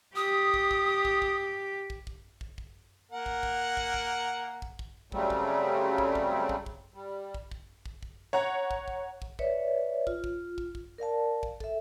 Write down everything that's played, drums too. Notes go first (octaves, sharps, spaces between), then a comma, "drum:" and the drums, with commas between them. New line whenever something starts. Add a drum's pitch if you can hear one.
G4 D#6
drum: kick
drum: kick
drum: kick
drum: kick
drum: kick
drum: kick
drum: kick
drum: kick
A#3 A#4 F#5
drum: kick
drum: kick
drum: kick
drum: kick
drum: kick
drum: kick
C#3 F#3 G3 A3 C4, drum: kick
drum: kick
drum: kick
drum: kick
drum: kick
drum: kick
G3
drum: kick
drum: kick
drum: kick
drum: kick
C#5 F#5 A#5
drum: kick
drum: kick
drum: kick
B4 C#5 D5 E5, drum: kick
F4, drum: kick
drum: kick
drum: kick
drum: kick
A#4 D5 F5 A5
drum: kick
A4 E5, drum: kick